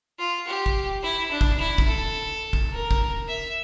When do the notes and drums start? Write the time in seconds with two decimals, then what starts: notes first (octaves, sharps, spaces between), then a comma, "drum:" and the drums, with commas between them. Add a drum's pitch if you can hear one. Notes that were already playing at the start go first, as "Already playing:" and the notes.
0.19 F4
0.47 G4
0.66 drum: kick
1.03 E4
1.31 D4
1.41 drum: kick
1.59 E4
1.78 drum: kick
1.88 A4
2.53 drum: kick
2.72 A#4
2.91 drum: kick
3.28 E5